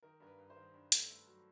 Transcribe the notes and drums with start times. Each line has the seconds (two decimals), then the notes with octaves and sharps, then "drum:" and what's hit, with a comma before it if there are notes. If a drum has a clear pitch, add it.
0.03 D#3 A#4
0.20 G2 A#4
0.27 B4
0.39 G2
0.50 C5
0.56 D#3
0.74 G2
0.92 A3, drum: hi-hat
1.09 A3
1.27 F#3